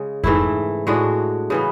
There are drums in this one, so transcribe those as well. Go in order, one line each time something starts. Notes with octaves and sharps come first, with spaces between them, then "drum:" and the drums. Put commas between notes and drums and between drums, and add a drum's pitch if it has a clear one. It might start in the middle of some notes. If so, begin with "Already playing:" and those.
Already playing: C#3 G#3
G#2 E3 A3 E4, drum: kick F2
A2 G#3 D4 F#4
C#3 E3 B3